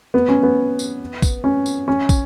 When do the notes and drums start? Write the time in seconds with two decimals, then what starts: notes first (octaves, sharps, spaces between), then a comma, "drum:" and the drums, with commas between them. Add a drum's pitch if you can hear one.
0.14 B3
0.28 C#4
0.43 B3
0.79 drum: tambourine
1.22 drum: kick, tambourine
1.44 C#4
1.66 drum: tambourine
1.88 C#4
2.09 drum: kick, tambourine